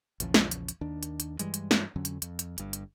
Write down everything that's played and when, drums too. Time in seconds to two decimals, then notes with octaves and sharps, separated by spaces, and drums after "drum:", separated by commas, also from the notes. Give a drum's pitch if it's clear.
0.20 A#1 E2 C#3 F3, drum: hi-hat
0.34 drum: snare
0.51 drum: hi-hat
0.68 drum: hi-hat
0.81 D#2 D#3 D4
1.03 drum: hi-hat
1.20 drum: hi-hat
1.39 G2 E3 G3 G#3, drum: hi-hat
1.54 drum: hi-hat
1.71 drum: snare
1.96 F2 D3 F#3 C#4
2.05 drum: hi-hat
2.22 F2, drum: hi-hat
2.39 drum: hi-hat
2.58 G1 G2, drum: hi-hat
2.73 drum: hi-hat